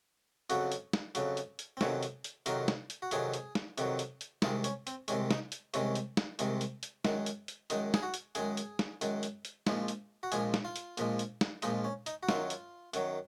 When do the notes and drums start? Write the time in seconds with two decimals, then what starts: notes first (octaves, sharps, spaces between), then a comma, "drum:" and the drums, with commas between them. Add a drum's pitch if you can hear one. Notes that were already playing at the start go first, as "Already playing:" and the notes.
0.50 F2 C#3 F#3 F#4, drum: hi-hat
0.72 drum: hi-hat
0.93 drum: snare
1.15 F2 C#3 F#3, drum: hi-hat
1.37 drum: hi-hat
1.59 drum: hi-hat
1.77 C4
1.81 F2 C3 D#3 F#3 C#4, drum: snare
2.03 drum: hi-hat
2.24 drum: hi-hat
2.46 F2 C3 D#3 F#3 A#4, drum: hi-hat
2.68 drum: snare
2.90 drum: hi-hat
3.02 F#4
3.11 F2 C3 D#3 F#3 G#4, drum: hi-hat
3.34 drum: hi-hat
3.55 drum: snare
3.78 F2 C3 D#3 F#3, drum: hi-hat
3.99 drum: hi-hat
4.21 drum: hi-hat
4.42 C2 C3 D#3 G#3 F4, drum: snare
4.64 C#4, drum: hi-hat
4.87 C4, drum: hi-hat
5.08 C2 C3 D#3 G#3 C#4, drum: hi-hat
5.31 D#4, drum: snare
5.52 drum: hi-hat
5.74 C2 C3 D#3 G#3 C#4, drum: hi-hat
5.95 drum: hi-hat
6.17 drum: snare
6.39 C2 C3 D#3 G#3, drum: hi-hat
6.61 drum: hi-hat
6.83 drum: hi-hat
7.05 F#2 D#3 G#3, drum: snare
7.26 drum: hi-hat
7.48 drum: hi-hat
7.70 F#2 D#3 G#3 D#4, drum: hi-hat
7.94 G#4, drum: snare
8.03 F#4
8.14 drum: hi-hat
8.35 F#2 D#3 G#3 G#4, drum: hi-hat
8.57 drum: hi-hat
8.79 drum: snare
9.01 F#2 D#3 G#3, drum: hi-hat
9.23 drum: hi-hat
9.45 drum: hi-hat
9.67 A#1 A#2 F3 G#3, drum: snare
9.88 drum: hi-hat
10.23 F#4
10.32 A#1 A#2 F3 G#3 G#4, drum: hi-hat
10.54 drum: snare
10.65 F4
10.76 drum: hi-hat
10.97 A#1 A#2 F3 G#3, drum: hi-hat
11.19 drum: hi-hat
11.41 drum: snare
11.62 A#1 A#2 F3 G#3 D#4, drum: hi-hat
11.84 C#4
12.06 D#4, drum: hi-hat
12.23 F#4
12.29 F#2 D#3 F#3 F4, drum: snare
12.50 drum: hi-hat
12.94 F#2 D#3 F#3, drum: hi-hat